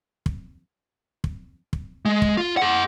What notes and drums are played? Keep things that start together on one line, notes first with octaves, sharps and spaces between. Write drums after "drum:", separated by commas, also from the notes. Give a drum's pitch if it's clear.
drum: kick
drum: kick
drum: kick
G#3
drum: kick
F4
G#4 F#5